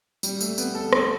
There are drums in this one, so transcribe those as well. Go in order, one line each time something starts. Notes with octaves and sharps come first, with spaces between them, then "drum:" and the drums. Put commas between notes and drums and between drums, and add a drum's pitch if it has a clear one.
G3, drum: tambourine
A3, drum: tambourine
B3, drum: tambourine
A4
G4, drum: rim click